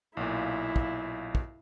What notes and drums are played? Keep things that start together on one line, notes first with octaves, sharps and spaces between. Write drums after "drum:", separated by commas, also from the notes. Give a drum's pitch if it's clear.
B1 A#2 E4
drum: kick
drum: kick